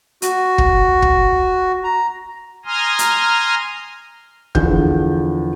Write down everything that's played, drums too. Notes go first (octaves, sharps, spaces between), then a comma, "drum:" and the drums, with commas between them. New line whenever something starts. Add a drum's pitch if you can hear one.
F#4, drum: hi-hat
drum: kick
drum: kick
A#5
G#5 A#5 C6 D#6 F6
drum: hi-hat
E2 D3 F3 G6, drum: kick